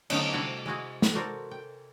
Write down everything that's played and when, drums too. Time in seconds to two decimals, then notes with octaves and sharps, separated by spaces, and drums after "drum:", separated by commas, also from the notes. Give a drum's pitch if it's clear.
0.10 D3 F#3 A3 B3 C#4 D#4, drum: cymbal
0.33 C3 G3 D4 E4 F#4 A5
0.66 G#3 E4 F#4 G#4
1.02 drum: snare
1.15 F#4 A4 A#4 C5 D5
1.51 G5